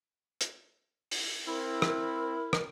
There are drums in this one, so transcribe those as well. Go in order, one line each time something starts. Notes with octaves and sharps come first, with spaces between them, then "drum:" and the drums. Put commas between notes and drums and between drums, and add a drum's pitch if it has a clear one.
drum: hi-hat
drum: open hi-hat
C4 E4 A#4
drum: rim click
drum: rim click